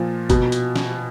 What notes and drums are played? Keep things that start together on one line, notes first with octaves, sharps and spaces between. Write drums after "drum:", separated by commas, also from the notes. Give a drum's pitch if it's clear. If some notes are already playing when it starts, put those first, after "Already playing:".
Already playing: A#2 F3
B2, drum: kick G1, hi-hat
drum: hi-hat
drum: snare